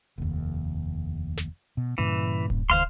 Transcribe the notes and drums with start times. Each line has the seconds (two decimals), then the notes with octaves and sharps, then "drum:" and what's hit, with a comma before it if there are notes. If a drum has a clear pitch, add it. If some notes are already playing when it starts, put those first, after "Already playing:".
0.18 F1 D#2
1.37 drum: snare
1.77 B2
1.98 G2 A#2 C#3 E3
2.50 drum: kick D1
2.70 C#2 D#3 C5 F5 C6